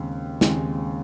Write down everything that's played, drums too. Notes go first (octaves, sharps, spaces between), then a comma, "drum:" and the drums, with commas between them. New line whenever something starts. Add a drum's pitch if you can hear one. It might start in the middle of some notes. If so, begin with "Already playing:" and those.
Already playing: D#2 C#3 G#3 C4
D#2 C#3 G#3 C4, drum: snare